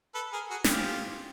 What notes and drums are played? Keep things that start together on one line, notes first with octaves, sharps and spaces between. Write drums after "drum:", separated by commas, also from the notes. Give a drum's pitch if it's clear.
A4 B4
G#4 A#4
F#4 G#4
G#4, drum: snare
F4 G4